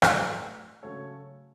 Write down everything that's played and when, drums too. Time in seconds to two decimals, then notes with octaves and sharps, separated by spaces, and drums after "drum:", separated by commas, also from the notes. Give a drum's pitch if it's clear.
0.02 A2 F#3 A3 B4 D5, drum: rim click
0.83 C#3 F#3 A3 A4 C#5